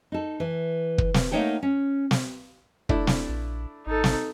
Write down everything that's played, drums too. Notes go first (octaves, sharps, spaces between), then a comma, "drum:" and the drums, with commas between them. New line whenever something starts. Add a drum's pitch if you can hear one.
D#4 A4
E3
drum: kick
drum: snare
A3 A#3 D#4 C#5 F#5 G5
C#4
drum: snare
A3 D4 E4, drum: kick
drum: snare
A#1
G#1 D#4 A4
drum: snare